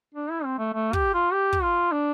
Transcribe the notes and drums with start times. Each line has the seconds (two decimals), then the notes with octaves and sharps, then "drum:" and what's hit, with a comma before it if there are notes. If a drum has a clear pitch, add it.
0.15 D4
0.30 E4
0.45 C4
0.59 A3
0.74 A3
0.93 G4, drum: kick
1.14 F4
1.33 G4
1.53 drum: kick
1.62 F4
1.92 D4